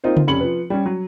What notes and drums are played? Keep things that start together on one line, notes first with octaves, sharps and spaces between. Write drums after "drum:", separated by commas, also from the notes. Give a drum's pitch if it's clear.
A#3 C4 D#4 F4 C5
drum: tom C#3
F1 C#4 B5 C#7 F#7
F3 B4
G3 C#4
F#3